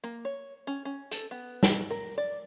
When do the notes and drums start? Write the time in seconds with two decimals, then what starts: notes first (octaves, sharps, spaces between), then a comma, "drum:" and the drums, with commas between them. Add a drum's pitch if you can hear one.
0.04 A#3
0.25 C#5
0.67 C#4
0.85 C#4
1.11 A4, drum: hi-hat
1.31 B3
1.63 drum: snare
1.90 A#4
2.18 D5